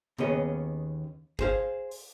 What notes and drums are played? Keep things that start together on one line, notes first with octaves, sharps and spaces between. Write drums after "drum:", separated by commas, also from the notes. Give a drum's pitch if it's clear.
D#2 B3 C#4 G#4 D#5, drum: tom C3
G#4 C5 F5, drum: kick
drum: open hi-hat